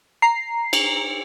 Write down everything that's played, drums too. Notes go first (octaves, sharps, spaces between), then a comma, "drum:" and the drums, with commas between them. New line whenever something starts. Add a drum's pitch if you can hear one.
A#5 C7
drum: cymbal